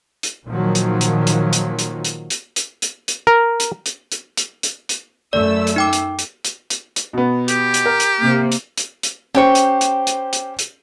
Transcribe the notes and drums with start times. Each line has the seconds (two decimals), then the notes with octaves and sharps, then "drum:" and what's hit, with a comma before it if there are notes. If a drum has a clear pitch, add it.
0.23 drum: hi-hat
0.46 A#2 D#3 F3 F#3
0.75 drum: hi-hat
1.01 drum: hi-hat
1.27 drum: hi-hat
1.53 drum: hi-hat
1.79 drum: hi-hat
2.05 drum: hi-hat
2.30 drum: hi-hat
2.56 drum: hi-hat
2.82 drum: hi-hat
3.08 drum: hi-hat
3.27 A#4
3.60 drum: hi-hat
3.86 drum: hi-hat
4.12 drum: hi-hat
4.37 drum: hi-hat
4.63 drum: hi-hat
4.89 drum: hi-hat
5.33 F#2 A3 D5 E6
5.67 drum: hi-hat
5.76 D#4 G5 D6
5.93 drum: hi-hat
6.19 drum: hi-hat
6.45 drum: hi-hat
6.70 drum: hi-hat
6.96 drum: hi-hat
7.13 B2 B3
7.48 G4, drum: hi-hat
7.74 drum: hi-hat
7.86 A#4
8.00 drum: hi-hat
8.19 C3 A#3
8.52 drum: hi-hat
8.78 drum: hi-hat
9.03 drum: hi-hat
9.35 C#4 G4 C5 G5 C#6
9.55 drum: hi-hat
9.81 drum: hi-hat
10.07 drum: hi-hat
10.33 drum: hi-hat
10.59 drum: hi-hat